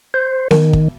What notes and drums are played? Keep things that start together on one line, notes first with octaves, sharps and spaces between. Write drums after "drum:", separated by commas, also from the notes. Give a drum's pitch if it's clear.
C5
D#3, drum: snare B3
drum: kick